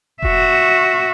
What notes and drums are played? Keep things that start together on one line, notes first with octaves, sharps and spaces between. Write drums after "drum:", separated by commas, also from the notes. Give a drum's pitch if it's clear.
F#4 E5, drum: kick E1